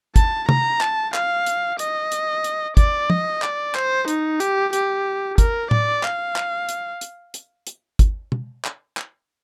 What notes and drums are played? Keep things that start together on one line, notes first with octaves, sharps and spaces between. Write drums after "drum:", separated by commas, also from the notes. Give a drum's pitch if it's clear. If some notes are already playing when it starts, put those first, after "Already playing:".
A5, drum: kick, hi-hat
A#5, drum: tom C3
A5, drum: clap
F5, drum: clap
drum: hi-hat
D#5, drum: hi-hat
drum: hi-hat
drum: hi-hat
D5, drum: kick, hi-hat
D#5, drum: tom
D5, drum: clap
C5, drum: clap
D#4, drum: hi-hat
G4, drum: hi-hat
G4, drum: hi-hat
A#4, drum: kick, hi-hat
D5, drum: tom A2
F5, drum: clap
drum: clap
drum: hi-hat
drum: hi-hat
drum: hi-hat
drum: hi-hat
drum: kick, hi-hat
drum: tom
drum: clap
drum: clap